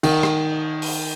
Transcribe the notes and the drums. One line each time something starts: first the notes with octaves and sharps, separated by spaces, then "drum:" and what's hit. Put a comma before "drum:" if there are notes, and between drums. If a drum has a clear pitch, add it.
D#3, drum: cymbal
drum: rim click
drum: open hi-hat